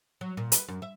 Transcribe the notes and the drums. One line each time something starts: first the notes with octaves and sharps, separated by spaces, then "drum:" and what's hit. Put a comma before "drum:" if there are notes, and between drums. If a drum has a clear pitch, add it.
F#3
A#2
B4, drum: hi-hat
F#2
E5